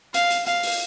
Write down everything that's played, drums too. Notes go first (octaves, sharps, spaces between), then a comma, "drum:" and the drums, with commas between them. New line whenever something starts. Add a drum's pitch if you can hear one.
F5, drum: hi-hat
drum: hi-hat
F5, drum: hi-hat
drum: open hi-hat